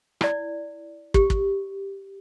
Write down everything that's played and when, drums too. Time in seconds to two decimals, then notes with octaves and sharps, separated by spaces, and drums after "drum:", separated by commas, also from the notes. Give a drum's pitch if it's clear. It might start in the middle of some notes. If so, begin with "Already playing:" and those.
0.21 E4 D5, drum: rim click
1.14 G4, drum: kick
1.30 drum: kick